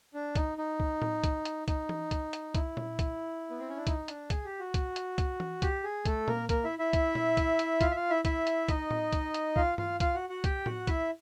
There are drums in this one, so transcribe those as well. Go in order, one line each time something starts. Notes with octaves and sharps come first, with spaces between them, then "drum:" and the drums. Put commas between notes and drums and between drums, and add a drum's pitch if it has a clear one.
D4
D#4, drum: kick, hi-hat
D#4
drum: kick
drum: tom A2
drum: kick, hi-hat
drum: hi-hat
D#4, drum: kick, hi-hat
drum: tom E3
drum: kick, hi-hat
drum: hi-hat
E4, drum: kick, hi-hat
drum: tom A#2
drum: kick, hi-hat
B3
C4
C#4
D4
D#4, drum: kick, hi-hat
D4, drum: hi-hat
G#4, drum: kick, hi-hat
G4
F#4
drum: kick, hi-hat
drum: hi-hat
drum: kick, hi-hat
drum: tom E3
G4, drum: kick, hi-hat
G#4
A3 A4, drum: kick, hi-hat
A#3 A#4, drum: tom A#2
A#3 A#4, drum: kick, hi-hat
E4 E5
E4 E5
drum: kick, hi-hat
drum: tom A#2
drum: kick, hi-hat
drum: hi-hat
F4 F5, drum: kick, hi-hat
E5
F4 F5
E4 E5
E4 E5, drum: kick, hi-hat
drum: hi-hat
D#4 D#5, drum: kick, hi-hat
drum: tom A2
drum: kick, hi-hat
drum: hi-hat
F4 F5, drum: kick
F4 F5, drum: tom G2
F4 F5, drum: kick, hi-hat
F#4 F#5
F#4 F#5
G4 G5, drum: kick, hi-hat
F#4 F#5, drum: tom A2
E4 E5, drum: kick, hi-hat